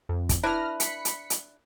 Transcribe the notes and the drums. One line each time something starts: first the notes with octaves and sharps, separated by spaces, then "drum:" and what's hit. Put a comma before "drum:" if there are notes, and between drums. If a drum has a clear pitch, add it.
F2
drum: kick, hi-hat
D4 E4 B4 F6 A#6
B5 B6 C#7, drum: hi-hat
drum: hi-hat
drum: hi-hat